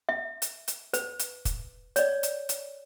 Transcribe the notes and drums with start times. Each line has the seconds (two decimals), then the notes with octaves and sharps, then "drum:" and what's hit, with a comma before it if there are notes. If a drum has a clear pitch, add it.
0.09 E5
0.42 drum: hi-hat
0.68 drum: hi-hat
0.94 B4, drum: hi-hat
1.19 drum: hi-hat
1.45 drum: kick, hi-hat
1.96 C#5 D5, drum: hi-hat
2.23 drum: hi-hat
2.49 drum: hi-hat